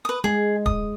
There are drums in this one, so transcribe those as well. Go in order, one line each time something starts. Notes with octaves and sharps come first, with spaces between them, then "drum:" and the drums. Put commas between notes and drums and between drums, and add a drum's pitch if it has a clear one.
B4 D#6
G#3 G#4
D#6, drum: kick D1